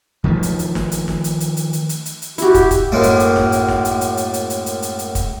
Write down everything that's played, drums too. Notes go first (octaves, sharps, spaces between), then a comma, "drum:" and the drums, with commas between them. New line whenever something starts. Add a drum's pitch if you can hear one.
D#3 F3 G#3 A3
drum: hi-hat
drum: hi-hat
drum: snare
drum: hi-hat
drum: snare
drum: hi-hat
drum: hi-hat
drum: hi-hat
drum: hi-hat
drum: hi-hat
drum: hi-hat
drum: hi-hat
E4 F#4 G4, drum: hi-hat
drum: kick, hi-hat
drum: kick, hi-hat
F#2 A2 G#3 A#3
drum: hi-hat
drum: hi-hat
drum: snare
drum: hi-hat
drum: snare
drum: hi-hat
drum: hi-hat
drum: hi-hat
drum: hi-hat
drum: hi-hat
drum: hi-hat
drum: hi-hat
drum: hi-hat
drum: kick, hi-hat